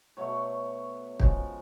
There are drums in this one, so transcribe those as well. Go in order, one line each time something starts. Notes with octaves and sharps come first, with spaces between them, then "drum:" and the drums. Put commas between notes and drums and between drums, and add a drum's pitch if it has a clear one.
B2 F#3 A3 C#5
C#3 F3 G#3, drum: kick